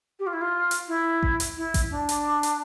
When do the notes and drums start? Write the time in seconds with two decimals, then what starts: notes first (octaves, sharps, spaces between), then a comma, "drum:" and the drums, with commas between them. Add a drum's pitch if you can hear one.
0.19 G4
0.27 F4
0.33 E4
0.41 F4
0.71 drum: hi-hat
0.88 E4
1.23 drum: kick A1
1.40 drum: hi-hat
1.57 E4
1.74 drum: kick A1, hi-hat
1.91 D4
2.09 drum: hi-hat
2.43 drum: hi-hat